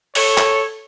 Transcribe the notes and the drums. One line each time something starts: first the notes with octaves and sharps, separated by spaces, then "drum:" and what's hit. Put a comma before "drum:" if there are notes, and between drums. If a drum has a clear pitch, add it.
A4 C#5, drum: open hi-hat
drum: clap